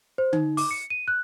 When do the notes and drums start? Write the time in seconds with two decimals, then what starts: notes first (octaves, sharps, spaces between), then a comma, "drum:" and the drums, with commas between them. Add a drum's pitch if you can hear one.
0.18 C5
0.33 D#4, drum: tom D3
0.57 D6, drum: open hi-hat
0.71 C#7
0.90 D#7
1.08 F#6